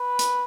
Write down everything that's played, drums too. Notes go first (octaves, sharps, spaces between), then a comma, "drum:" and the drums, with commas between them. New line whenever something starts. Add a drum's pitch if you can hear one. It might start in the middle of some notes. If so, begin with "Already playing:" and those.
Already playing: B4
drum: hi-hat